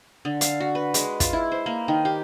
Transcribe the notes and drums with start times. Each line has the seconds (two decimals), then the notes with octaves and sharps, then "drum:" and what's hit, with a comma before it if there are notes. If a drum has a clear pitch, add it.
0.25 D3
0.41 F5, drum: hi-hat
0.60 F#4
0.75 B4
0.94 G#3, drum: hi-hat
1.20 F4, drum: kick, hi-hat
1.33 E4
1.52 C5
1.66 A#3
1.88 D#3
2.05 G4